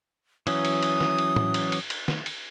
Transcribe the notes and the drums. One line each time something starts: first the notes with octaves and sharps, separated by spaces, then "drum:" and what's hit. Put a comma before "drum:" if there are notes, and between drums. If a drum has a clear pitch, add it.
E3 F#3 C#4 D#6, drum: cymbal
drum: cymbal
drum: cymbal
drum: snare
drum: cymbal
drum: tom A2
drum: cymbal
drum: cymbal
drum: cymbal
drum: snare
drum: cymbal